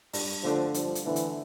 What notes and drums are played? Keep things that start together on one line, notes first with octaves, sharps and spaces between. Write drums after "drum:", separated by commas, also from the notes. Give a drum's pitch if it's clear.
G2, drum: open hi-hat
D3 F3 A3 D4 A4
G2 F3, drum: hi-hat
drum: hi-hat
D3 E3 A3 D4 A4
drum: hi-hat